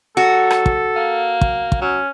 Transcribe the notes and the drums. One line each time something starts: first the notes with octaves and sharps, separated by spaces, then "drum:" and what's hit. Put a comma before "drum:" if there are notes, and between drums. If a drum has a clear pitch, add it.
F#3 F#4 A4
drum: rim click
drum: kick
A#3
drum: kick
drum: kick
F#3 C#4